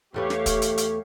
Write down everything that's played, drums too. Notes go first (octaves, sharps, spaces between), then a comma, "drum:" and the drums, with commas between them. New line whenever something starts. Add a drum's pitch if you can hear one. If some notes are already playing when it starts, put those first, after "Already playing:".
E2 A3 G4 B4 C#5 F5
drum: snare
drum: kick, hi-hat
drum: hi-hat
drum: hi-hat